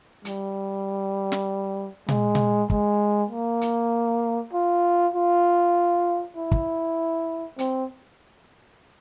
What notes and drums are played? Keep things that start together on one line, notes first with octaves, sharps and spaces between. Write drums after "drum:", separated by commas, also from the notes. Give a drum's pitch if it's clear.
G3, drum: hi-hat
drum: snare
G#3, drum: tom A#2
drum: tom A#2
G#3, drum: kick
A#3
drum: hi-hat
F4
F4
E4
drum: kick
C4, drum: hi-hat